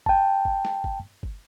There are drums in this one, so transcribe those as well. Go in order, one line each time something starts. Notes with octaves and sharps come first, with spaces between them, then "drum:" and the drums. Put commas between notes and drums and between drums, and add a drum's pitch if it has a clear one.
G5 A5, drum: kick G1
drum: kick G1
drum: snare
drum: kick G1
drum: kick G1